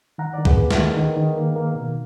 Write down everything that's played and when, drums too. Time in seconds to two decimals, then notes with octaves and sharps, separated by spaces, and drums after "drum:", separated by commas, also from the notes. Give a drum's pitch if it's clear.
0.18 D#3 F#5 A#5
0.34 D#3 D5
0.45 G#4 B4, drum: kick
0.57 A#3
0.71 A#4, drum: snare
0.77 D#3
0.97 D#3
1.17 D#3
1.36 A#3
1.56 A#3
1.75 B2